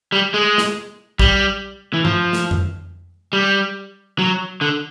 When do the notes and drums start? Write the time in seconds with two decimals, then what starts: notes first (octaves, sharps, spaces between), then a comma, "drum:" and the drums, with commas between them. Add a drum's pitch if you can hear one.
0.12 G3
0.34 G#3
0.58 drum: snare
1.19 G3, drum: kick
1.93 E3
2.05 F3, drum: tom G2
2.33 drum: snare
2.51 drum: tom F2
3.33 G3
4.19 F#3
4.61 D3